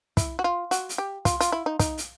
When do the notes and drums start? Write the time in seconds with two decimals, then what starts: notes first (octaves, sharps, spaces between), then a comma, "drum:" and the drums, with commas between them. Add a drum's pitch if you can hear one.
0.17 E4, drum: kick, hi-hat
0.39 F#4
0.44 F4
0.71 F#4, drum: hi-hat
0.89 drum: hi-hat
0.98 G4
1.25 F4, drum: kick, hi-hat
1.41 F4, drum: hi-hat
1.52 E4
1.66 D#4
1.79 D#4, drum: kick, hi-hat
1.98 drum: hi-hat